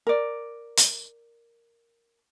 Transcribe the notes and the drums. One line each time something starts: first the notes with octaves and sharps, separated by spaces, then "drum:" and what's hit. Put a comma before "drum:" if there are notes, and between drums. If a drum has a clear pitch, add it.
A#4 D5
drum: hi-hat